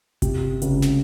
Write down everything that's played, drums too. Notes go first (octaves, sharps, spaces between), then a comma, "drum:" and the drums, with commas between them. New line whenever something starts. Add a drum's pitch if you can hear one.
C3, drum: kick G1, hi-hat
C#2 C#3, drum: hi-hat
drum: snare